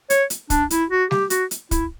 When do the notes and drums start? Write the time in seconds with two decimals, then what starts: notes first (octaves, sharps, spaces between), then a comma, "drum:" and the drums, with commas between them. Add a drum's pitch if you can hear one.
0.10 C#5, drum: hi-hat
0.30 drum: hi-hat
0.50 D4, drum: kick, hi-hat
0.70 E4, drum: hi-hat
0.90 F#4
1.11 G4, drum: snare
1.30 F#4, drum: hi-hat
1.51 drum: hi-hat
1.71 E4, drum: kick, hi-hat